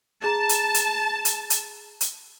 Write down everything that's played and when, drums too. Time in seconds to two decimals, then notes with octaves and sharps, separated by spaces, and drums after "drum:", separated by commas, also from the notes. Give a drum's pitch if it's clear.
0.24 G#4 A5 A#5
0.49 drum: hi-hat
0.74 drum: hi-hat
1.25 drum: hi-hat
1.50 drum: hi-hat
2.01 drum: hi-hat